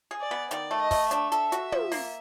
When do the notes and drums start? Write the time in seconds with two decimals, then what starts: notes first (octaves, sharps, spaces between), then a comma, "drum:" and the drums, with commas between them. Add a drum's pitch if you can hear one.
0.11 G#4
0.21 D5
0.31 B3
0.51 D#3 D5, drum: hi-hat
0.71 A3
0.81 D#5
0.91 A3, drum: kick, open hi-hat
1.11 D4 E5, drum: hi-hat
1.32 A4, drum: hi-hat
1.52 F#4, drum: hi-hat
1.72 F3, drum: tom
1.92 A#3, drum: open hi-hat